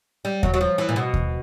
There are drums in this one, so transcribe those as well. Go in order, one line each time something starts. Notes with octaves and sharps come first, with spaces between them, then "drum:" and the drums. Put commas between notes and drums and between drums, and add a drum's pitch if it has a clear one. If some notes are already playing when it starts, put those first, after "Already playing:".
G3
F#3, drum: kick D#2
F#3
F3
E3
A#2
B2
drum: kick D#2